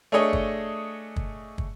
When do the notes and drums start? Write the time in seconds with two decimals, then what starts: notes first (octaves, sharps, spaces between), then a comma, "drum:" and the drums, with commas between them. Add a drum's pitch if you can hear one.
0.12 A3 D4 G#4 C#5 D#5
0.33 drum: kick
1.16 drum: kick
1.58 drum: kick